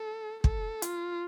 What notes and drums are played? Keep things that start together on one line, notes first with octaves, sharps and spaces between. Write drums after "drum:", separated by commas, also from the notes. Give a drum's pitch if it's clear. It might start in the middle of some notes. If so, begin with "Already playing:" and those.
Already playing: A4
A4, drum: kick
F4, drum: hi-hat